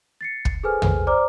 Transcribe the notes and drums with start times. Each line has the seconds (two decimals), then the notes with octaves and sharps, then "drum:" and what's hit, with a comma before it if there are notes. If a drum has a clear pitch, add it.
0.21 A6 C7 C#7
0.45 drum: kick
0.64 G#4 A4 B4 C5 G#5 F6
0.82 drum: tom
1.07 C5 D5 A#5 D6 F6